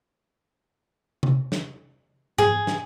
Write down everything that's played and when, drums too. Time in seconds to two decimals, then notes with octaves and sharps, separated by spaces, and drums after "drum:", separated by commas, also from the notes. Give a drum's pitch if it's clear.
1.23 drum: tom C3
1.52 drum: snare
2.38 G#4, drum: tom G#2
2.67 drum: snare